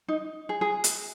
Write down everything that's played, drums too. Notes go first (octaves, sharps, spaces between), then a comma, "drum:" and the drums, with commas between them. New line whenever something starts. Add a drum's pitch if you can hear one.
D#4
G#4
G#4
drum: hi-hat